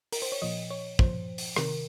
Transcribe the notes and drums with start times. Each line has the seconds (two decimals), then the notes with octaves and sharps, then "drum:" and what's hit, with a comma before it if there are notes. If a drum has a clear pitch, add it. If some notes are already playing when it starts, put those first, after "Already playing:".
0.13 A#4, drum: open hi-hat
0.22 C5
0.32 C#5
0.42 A#2 F3 D#5
0.71 C#5
0.99 A#2 F3 C5, drum: kick
1.38 drum: open hi-hat
1.56 C3 D#3 A#4, drum: rim click